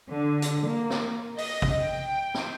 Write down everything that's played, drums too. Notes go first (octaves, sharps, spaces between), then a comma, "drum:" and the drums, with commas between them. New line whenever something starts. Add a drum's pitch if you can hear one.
D3
drum: hi-hat
A#3
drum: snare
D#5, drum: open hi-hat
drum: kick
G5
drum: snare